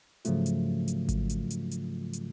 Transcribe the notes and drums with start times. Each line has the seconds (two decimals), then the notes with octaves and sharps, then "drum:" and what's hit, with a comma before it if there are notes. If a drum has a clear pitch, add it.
0.25 G#2 C#3 F3 F#3 A3 F4, drum: hi-hat
0.46 drum: hi-hat
0.88 drum: hi-hat
1.09 drum: kick G#1, hi-hat
1.30 drum: hi-hat
1.50 drum: hi-hat
1.71 drum: hi-hat
2.13 drum: hi-hat